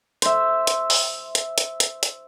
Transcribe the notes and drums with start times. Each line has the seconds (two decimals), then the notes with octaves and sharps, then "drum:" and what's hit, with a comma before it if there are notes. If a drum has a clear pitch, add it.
0.22 C5 E5, drum: hi-hat
0.67 drum: hi-hat
0.90 drum: open hi-hat
1.35 drum: hi-hat
1.58 drum: hi-hat
1.80 drum: hi-hat
2.03 drum: hi-hat